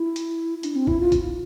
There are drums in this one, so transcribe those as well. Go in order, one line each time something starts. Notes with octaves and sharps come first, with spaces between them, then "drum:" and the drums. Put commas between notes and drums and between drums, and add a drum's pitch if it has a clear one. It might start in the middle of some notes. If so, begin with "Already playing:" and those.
Already playing: E4
drum: hi-hat
D4, drum: hi-hat
C4
E4, drum: kick
F4
drum: kick, hi-hat